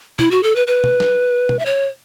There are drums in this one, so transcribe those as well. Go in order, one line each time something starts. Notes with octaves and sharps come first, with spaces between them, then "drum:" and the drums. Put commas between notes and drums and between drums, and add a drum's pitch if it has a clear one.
E4, drum: tom B2
F#4
A4
B4
B4
drum: tom B2
drum: snare
drum: tom B2
E5
C#5